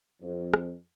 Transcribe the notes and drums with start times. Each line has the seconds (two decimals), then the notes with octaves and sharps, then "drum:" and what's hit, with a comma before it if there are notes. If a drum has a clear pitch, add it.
0.22 F2
0.54 drum: rim click